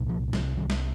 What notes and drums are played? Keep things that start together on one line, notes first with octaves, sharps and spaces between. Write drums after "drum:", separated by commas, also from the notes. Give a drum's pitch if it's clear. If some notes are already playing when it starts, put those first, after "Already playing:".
Already playing: C2 A#2
F3
C2 C3 F3, drum: snare
D#3 G3
drum: snare